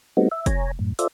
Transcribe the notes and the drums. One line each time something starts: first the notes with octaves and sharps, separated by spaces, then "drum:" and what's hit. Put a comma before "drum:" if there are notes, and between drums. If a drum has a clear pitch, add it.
G3 A3 B3 C4 D#4 F#4
E5
C#5 G#5 A#5, drum: kick, hi-hat
F#2 A2
F4 A4 C5 D5 E5, drum: hi-hat